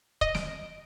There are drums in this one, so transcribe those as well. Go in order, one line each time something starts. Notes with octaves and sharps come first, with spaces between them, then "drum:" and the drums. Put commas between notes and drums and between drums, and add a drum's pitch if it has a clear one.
D#5, drum: kick
D7, drum: snare